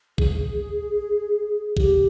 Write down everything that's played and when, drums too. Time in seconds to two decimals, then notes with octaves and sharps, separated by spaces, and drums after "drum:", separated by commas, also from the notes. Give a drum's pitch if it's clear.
0.18 G#4, drum: kick
1.77 G4, drum: kick